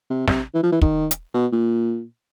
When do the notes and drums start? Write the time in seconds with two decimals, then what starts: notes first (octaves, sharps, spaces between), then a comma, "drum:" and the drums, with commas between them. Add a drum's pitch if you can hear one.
0.10 C3
0.28 C3, drum: snare
0.54 E3
0.63 F3
0.72 E3
0.81 D#3, drum: kick
1.11 drum: hi-hat
1.34 B2
1.52 A#2